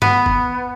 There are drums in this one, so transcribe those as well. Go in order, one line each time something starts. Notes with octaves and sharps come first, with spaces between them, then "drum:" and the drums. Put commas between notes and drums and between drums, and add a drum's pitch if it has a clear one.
B3, drum: tom G2
drum: kick